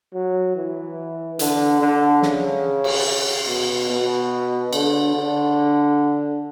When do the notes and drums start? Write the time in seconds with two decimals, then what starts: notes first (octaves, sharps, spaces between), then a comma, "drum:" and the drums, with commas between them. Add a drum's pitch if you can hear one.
0.14 F#3
0.56 E3
1.39 D3, drum: hi-hat
1.80 D3
2.23 C#3, drum: snare
2.84 drum: cymbal
3.47 B2
3.90 B2
4.73 D3, drum: cymbal
5.14 D3